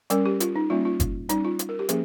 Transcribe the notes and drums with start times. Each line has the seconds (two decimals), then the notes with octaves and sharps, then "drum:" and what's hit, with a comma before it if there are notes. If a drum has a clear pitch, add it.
0.10 G3 C#4 A#4, drum: hi-hat
0.26 G4
0.40 F4, drum: hi-hat
0.56 D#4
0.70 G3 A#3 C#4 F4
0.85 F4
1.00 drum: kick F#1, hi-hat
1.29 G3 C#4 D#4, drum: hi-hat
1.45 F4
1.59 drum: hi-hat
1.69 A#4
1.79 G4
1.89 F3 A#3 C#4 G#4, drum: hi-hat